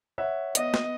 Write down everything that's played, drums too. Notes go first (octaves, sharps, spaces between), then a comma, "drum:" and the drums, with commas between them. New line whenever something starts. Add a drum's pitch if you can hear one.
C#5 E5 F#5
B3 D#5, drum: hi-hat
drum: snare